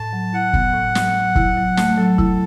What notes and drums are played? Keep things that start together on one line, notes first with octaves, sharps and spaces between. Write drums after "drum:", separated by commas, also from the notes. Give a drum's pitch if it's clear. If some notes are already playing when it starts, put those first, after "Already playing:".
Already playing: A2 A5
F#3
E4 F#5
B3, drum: kick
A2
F#3, drum: snare
F#3
E4, drum: kick
F#3
A3, drum: snare
F#3 A4
E4, drum: kick